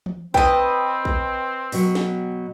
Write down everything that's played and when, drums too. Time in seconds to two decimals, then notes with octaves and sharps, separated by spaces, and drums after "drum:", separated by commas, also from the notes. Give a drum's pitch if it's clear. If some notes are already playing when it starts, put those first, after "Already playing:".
0.06 drum: tom E3
0.34 C4 B4 D#5 G5, drum: kick
1.05 drum: kick
1.72 B2 F#3, drum: open hi-hat
1.95 drum: snare